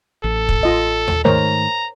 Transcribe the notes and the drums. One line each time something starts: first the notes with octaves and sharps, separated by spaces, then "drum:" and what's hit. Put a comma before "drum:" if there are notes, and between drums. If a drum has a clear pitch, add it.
A1 A4
drum: kick
F4 D#5
drum: tom D#2
G#2 D#3 A3 A#4 C5 C#5 A#5